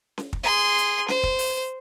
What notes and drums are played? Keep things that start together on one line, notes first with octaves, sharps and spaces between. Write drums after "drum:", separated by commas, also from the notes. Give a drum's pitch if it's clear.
drum: snare C#4
drum: kick
G#4 C6
drum: hi-hat
C5, drum: snare C#4
drum: kick
drum: open hi-hat